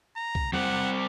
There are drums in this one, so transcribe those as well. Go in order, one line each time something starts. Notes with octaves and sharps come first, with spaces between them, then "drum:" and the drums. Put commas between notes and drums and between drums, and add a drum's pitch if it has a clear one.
A#5
drum: kick B1
G3 C4 F#5, drum: tom